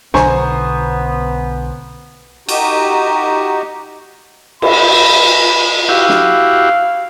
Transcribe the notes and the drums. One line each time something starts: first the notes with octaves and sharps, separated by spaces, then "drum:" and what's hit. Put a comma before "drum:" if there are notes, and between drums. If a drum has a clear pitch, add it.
B1 B2 D3 B3 C5 G#5 A#5 C#6, drum: snare
D#4 F#4 G4, drum: cymbal
B5, drum: cymbal
E4 F#4 G4 F5
drum: snare